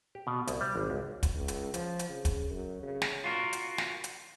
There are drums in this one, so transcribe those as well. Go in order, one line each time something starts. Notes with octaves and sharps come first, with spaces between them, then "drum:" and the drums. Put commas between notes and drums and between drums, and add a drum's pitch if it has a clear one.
G4
B2
C2, drum: hi-hat
G3
G#1
C#2
drum: kick, hi-hat
C#2
drum: hi-hat
F3, drum: hi-hat
drum: hi-hat
C#3
drum: kick, hi-hat
F#2
C#3
drum: snare
F4 F#4 A#4
drum: hi-hat
drum: snare
drum: hi-hat